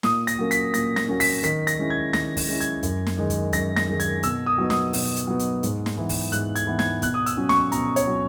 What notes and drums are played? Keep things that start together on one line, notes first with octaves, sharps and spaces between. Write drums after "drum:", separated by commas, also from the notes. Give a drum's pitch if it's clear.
A#2 D#6, drum: snare
A#6, drum: hi-hat
F#3 A#3 C#4
B6, drum: hi-hat
A#2 A#6, drum: hi-hat
A#6, drum: snare
F#3 A#3 C#4
B6, drum: open hi-hat
D#3 B6, drum: hi-hat
A#6, drum: hi-hat
G#3 C#4 E4
G#6
D#3 A#6, drum: snare
drum: kick, open hi-hat
G#3 C#4 E4
G#6, drum: hi-hat
F#2, drum: hi-hat
drum: snare
D#3 G#3 D#4
drum: kick, hi-hat
F#2 A#6, drum: hi-hat
A#6, drum: snare
D#3 G#3 D#4
G#6, drum: hi-hat
B2 E6, drum: hi-hat
D#6
F#3 B3 D#4
D#6, drum: snare
B2, drum: open hi-hat
drum: hi-hat
F#3 B3 D#4
drum: hi-hat
G#2, drum: hi-hat
drum: snare
E3 B3
drum: kick, open hi-hat
G#2 F#6, drum: hi-hat
G#6, drum: hi-hat
E3 B3
G#6, drum: snare
B2 F#6, drum: kick, hi-hat
D#6
E6, drum: hi-hat
F#3 C#4
C#6, drum: snare
B2 A#5, drum: hi-hat
C#5, drum: hi-hat
F#3 C#4